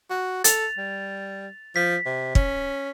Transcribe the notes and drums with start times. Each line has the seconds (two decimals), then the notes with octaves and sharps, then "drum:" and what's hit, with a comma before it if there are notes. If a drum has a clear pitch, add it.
0.10 F#4
0.44 A4 A6 F7, drum: hi-hat
0.78 G3
1.76 F3 B6
2.06 C3
2.35 C#4, drum: kick